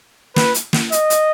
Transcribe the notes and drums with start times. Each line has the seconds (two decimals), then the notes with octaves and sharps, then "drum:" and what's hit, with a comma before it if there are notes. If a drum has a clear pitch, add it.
0.36 B4, drum: snare
0.54 drum: hi-hat
0.73 drum: snare
0.92 D#5, drum: hi-hat
1.10 drum: hi-hat